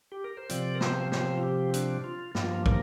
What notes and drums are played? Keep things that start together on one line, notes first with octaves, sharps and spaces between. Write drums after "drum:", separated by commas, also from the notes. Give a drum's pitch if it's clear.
G4
A#4
C5
C3 F3 C4 D5, drum: hi-hat
A#4
C5, drum: snare
C5, drum: snare
F4
G4
D4, drum: hi-hat
F4
G2 F3 A#3 F4, drum: snare
A#4, drum: kick